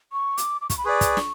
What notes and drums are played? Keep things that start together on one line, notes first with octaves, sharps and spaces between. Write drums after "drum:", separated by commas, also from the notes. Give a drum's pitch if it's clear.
C#6
D6, drum: hi-hat
D6
C#6, drum: kick, hi-hat
B5
G#4 B4 D5 C#6
drum: kick, hi-hat
drum: snare